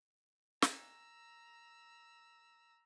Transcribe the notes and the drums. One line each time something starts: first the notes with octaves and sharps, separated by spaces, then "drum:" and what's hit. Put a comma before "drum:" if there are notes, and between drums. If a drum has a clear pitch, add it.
A#5 E6, drum: snare